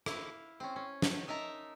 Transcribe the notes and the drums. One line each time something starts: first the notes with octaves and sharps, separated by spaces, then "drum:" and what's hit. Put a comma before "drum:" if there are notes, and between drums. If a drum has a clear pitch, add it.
E4 F5, drum: rim click
C4 C#4
C#4
drum: snare
D#4 A#4 E5 A5 A#5